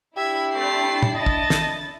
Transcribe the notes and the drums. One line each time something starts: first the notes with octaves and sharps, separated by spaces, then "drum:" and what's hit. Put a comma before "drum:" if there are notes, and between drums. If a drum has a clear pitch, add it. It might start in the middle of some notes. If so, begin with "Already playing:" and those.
D4 E4 G4 E5 G#6
A3 C4 A6 C7
drum: tom
D#5 A5 A6
drum: kick
drum: snare